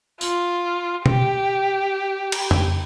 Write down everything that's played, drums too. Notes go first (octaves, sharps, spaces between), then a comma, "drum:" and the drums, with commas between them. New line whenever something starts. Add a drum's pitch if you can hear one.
F4, drum: tambourine
G4, drum: tom B2
drum: cymbal
drum: tom F2